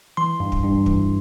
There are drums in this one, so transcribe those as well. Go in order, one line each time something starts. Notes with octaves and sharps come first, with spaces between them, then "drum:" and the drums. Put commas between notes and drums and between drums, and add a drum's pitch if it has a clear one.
E3 C6
G2
drum: kick
G2
E3, drum: kick